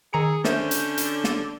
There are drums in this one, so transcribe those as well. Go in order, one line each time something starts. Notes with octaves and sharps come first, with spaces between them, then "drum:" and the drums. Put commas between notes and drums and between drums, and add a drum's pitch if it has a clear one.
D#3 G#4 A#5 E6 C#7
D3 C#4 A#4 C5 E5 G6, drum: snare
drum: hi-hat
drum: hi-hat
drum: snare